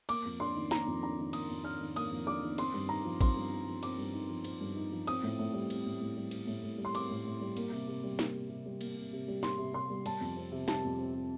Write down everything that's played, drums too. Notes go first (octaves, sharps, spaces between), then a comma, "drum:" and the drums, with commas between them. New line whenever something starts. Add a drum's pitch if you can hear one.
A#3 D6, drum: cymbal
F2
D4 C6
D#3
A#3 A#5, drum: snare
F2
D4 A#5
D#3
A#3 D#6, drum: cymbal
F2
D4 F6
D#3
A#3 D#6, drum: cymbal
F2
D4 D6
D#3
C4 C6, drum: cymbal
G2
D#4 A#5
F3
C4 C6, drum: kick, cymbal
G2
D#4
F3
C4 D6, drum: cymbal
G2
D#4
F3
C4, drum: cymbal
G2
D#4
F3
C4 D#6, drum: cymbal
A2
A2
G3
C4, drum: cymbal
A2
A2
G3
C4, drum: cymbal
A2
A2
G3
C6
C4 D6, drum: cymbal
A2
A2
G3
A#3, drum: cymbal
C3
C3
G3
A#3, drum: snare
C3
C3
G3
A#3, drum: cymbal
C3
C3
G3
A#3 C6, drum: snare
C3
C3 C6
G3
G3 A5, drum: cymbal
F2
C4
C3
G3 A5, drum: snare
F2
C4
C3